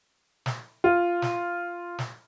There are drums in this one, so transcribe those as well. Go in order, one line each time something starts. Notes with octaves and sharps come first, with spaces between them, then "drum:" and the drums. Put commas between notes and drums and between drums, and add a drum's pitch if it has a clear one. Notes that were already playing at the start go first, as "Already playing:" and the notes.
drum: snare
F4
drum: snare
drum: snare